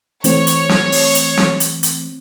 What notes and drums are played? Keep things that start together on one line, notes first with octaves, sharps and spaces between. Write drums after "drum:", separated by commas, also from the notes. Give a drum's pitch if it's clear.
E3 A3 C4 C#5, drum: hi-hat
drum: hi-hat
drum: snare C4
drum: open hi-hat
drum: hi-hat
drum: snare C4
drum: hi-hat
drum: hi-hat